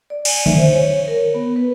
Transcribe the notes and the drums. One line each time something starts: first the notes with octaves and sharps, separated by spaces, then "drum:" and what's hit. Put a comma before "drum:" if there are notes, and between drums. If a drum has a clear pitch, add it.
D5
G#5, drum: cymbal
E5, drum: tom
C5
C#5
A#4
B3
B4